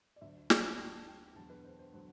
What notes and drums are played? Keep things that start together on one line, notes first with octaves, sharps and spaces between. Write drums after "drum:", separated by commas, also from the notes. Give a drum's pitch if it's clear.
D5
D2 D3 F#3 E5
A5, drum: snare
D2 D3 F#3 G5
G5
E1 E2 D3 F#3 A5
B4
C5
C5
D3 F#3 C5